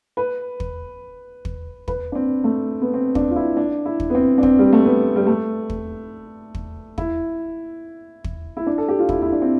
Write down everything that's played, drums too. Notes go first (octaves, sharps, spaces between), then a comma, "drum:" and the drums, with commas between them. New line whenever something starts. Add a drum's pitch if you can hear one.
B4
drum: kick
drum: kick
B4, drum: kick
D4
C4
A3
B3
C4
D4, drum: kick
F4
E4
D4
E4
drum: kick
B3
C4
D4
C4, drum: kick
G3
A3
B3
G3
A3
drum: kick
drum: kick
E4, drum: kick
drum: kick
E4
D4
A4
G4
F4
E4, drum: kick
E4
D4
C4